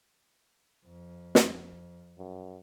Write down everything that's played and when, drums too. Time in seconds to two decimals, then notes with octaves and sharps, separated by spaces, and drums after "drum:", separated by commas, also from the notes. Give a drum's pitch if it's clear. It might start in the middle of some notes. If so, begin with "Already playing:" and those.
0.86 F2
1.35 drum: snare
2.18 F#2